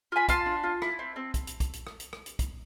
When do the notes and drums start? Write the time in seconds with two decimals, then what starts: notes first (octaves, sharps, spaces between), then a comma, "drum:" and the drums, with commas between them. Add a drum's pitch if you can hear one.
0.12 F4 G#5 B5
0.28 F4 A5 C6, drum: kick, hi-hat
0.46 D4
0.64 F4
0.82 E4, drum: rim click
0.99 C4
1.16 C4
1.34 drum: kick, hi-hat
1.47 drum: hi-hat
1.60 drum: kick, hi-hat
1.73 drum: hi-hat
1.87 drum: rim click
2.00 drum: hi-hat
2.13 drum: rim click
2.26 drum: hi-hat
2.39 drum: kick, hi-hat